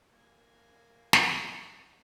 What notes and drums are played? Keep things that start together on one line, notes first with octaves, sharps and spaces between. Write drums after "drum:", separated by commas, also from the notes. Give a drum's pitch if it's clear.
A#3 G#5
drum: snare